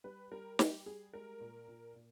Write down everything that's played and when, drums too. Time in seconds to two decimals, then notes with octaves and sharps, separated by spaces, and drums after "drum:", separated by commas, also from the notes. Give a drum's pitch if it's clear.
0.04 G3 B4
0.32 G3 A#4
0.59 G3 G4, drum: snare
0.86 G3 G#4
1.13 G#3 A#4
1.40 A#2
1.68 A#2
1.95 A#2